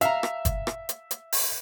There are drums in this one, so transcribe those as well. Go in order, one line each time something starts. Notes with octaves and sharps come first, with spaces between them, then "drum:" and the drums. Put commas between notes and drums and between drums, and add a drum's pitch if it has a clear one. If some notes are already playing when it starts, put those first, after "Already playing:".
E5 F5 A#5, drum: hi-hat
drum: rim click
drum: kick, hi-hat
drum: rim click
drum: hi-hat
drum: hi-hat
drum: open hi-hat